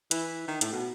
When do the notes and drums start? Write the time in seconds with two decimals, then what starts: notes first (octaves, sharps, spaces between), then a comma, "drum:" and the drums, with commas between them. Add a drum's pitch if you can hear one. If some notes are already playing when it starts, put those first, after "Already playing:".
0.11 E3, drum: hi-hat
0.48 D#3
0.61 A2, drum: hi-hat
0.72 B2